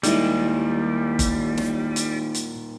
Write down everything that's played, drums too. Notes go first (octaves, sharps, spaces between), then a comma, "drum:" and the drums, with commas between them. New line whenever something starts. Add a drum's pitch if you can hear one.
D#2 A#2 D#3 G3 G#3 D#4 E4, drum: hi-hat
drum: kick G1, hi-hat
drum: snare
drum: hi-hat
drum: hi-hat